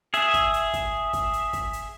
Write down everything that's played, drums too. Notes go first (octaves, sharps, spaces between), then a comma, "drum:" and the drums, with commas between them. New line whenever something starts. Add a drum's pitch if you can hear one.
G#4 E5, drum: hi-hat
drum: kick, hi-hat
drum: hi-hat
drum: kick, hi-hat
drum: kick, hi-hat
drum: hi-hat
drum: kick, hi-hat
drum: hi-hat